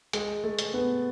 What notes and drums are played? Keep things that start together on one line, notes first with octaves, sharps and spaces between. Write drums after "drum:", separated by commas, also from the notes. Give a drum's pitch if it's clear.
G#3, drum: hi-hat
A3
drum: hi-hat
B3